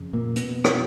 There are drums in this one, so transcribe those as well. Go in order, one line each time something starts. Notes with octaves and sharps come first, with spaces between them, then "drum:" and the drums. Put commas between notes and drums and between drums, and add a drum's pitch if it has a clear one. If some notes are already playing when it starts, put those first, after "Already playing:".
Already playing: F2 C#3
A#2 A#3
B2 B3, drum: hi-hat
drum: rim click